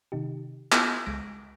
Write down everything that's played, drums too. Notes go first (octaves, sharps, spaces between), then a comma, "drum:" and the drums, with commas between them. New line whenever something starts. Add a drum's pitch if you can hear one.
C3 D#3 D#4 G4
B3 E4 F4 G4 A4, drum: clap
C#2 G#3 A#6 D7